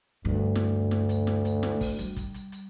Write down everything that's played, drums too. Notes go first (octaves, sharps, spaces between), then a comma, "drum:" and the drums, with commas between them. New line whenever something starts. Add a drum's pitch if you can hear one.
D2 G2 C#3
drum: snare
drum: snare
drum: hi-hat
drum: snare
drum: hi-hat
drum: snare
drum: kick, open hi-hat
G3, drum: hi-hat
drum: kick, hi-hat
drum: hi-hat
drum: hi-hat